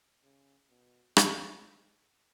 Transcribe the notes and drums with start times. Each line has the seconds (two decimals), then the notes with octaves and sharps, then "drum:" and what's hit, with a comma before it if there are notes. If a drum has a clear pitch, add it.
0.23 C#3
0.70 B2
1.17 G#2, drum: rim click
1.62 G#2